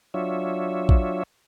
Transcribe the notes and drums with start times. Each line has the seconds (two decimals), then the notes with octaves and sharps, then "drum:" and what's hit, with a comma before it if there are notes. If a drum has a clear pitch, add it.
0.14 F#3 D4 F4 C#5 E5
0.89 drum: kick A1